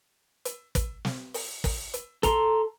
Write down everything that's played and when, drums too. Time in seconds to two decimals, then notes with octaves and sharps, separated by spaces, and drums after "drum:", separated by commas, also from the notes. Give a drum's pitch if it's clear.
0.45 drum: hi-hat
0.75 drum: kick, hi-hat
1.05 drum: snare
1.34 drum: open hi-hat
1.64 drum: kick, open hi-hat
1.94 drum: hi-hat
2.23 A4 A#5 C6, drum: kick, hi-hat